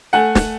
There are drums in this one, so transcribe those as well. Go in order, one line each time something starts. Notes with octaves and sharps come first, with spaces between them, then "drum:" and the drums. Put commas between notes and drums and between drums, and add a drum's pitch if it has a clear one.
A3 F#5 G#5
drum: snare